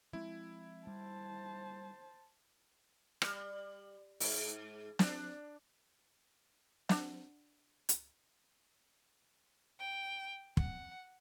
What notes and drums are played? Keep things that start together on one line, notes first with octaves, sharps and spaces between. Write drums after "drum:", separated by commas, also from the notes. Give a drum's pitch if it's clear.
F3 G#3 C4 E4
G3 C5 A5
G3, drum: rim click
G#2, drum: open hi-hat
D4, drum: snare
D4 F#5, drum: snare
drum: hi-hat
G5
F#5, drum: kick